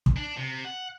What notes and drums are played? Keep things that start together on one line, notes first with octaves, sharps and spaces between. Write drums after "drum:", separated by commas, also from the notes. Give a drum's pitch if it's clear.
drum: kick
D4
C3
F#5